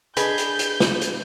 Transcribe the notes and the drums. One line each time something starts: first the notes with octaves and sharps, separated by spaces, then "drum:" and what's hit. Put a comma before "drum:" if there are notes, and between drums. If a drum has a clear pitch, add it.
D4 G#4 B4 D#5 B5 G6, drum: hi-hat
drum: hi-hat
drum: hi-hat
drum: snare
drum: hi-hat